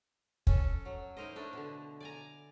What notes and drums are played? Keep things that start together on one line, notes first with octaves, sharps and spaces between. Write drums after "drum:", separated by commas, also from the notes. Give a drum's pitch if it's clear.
C#4 A4, drum: kick
F#3
D#4 E4 A#4 C5 D#5
A3 D4 E4
B2 D3
D5 G#5 A#5